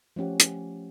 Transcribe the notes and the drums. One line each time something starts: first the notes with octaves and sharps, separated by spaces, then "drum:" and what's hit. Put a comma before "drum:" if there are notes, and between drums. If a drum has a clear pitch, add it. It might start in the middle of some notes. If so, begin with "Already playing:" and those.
F3 A3 C#4 G4 F#5
drum: hi-hat